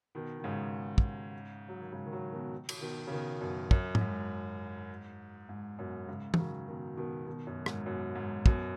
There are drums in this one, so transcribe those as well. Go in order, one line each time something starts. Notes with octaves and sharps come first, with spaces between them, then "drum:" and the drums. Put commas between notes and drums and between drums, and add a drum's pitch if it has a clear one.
B2 D#3
D#3
G#2 C#3
drum: kick
F#3
D#3
G#2 C#3
D#3
C#3 F#3
B2 D#3
drum: cymbal
B2 D#3
C#3
B2 D#3
F#2 B2
F#2, drum: kick
F#2, drum: tom G#2
G#2
G#2
F#2 B2
G#2 C#3
D#3, drum: tom
C#3 F#3
B2 D#3
B2 D#3
B2 D#3
F#2 B2
G#2, drum: rim click
F#2 B2
G#2
F#2 B2, drum: kick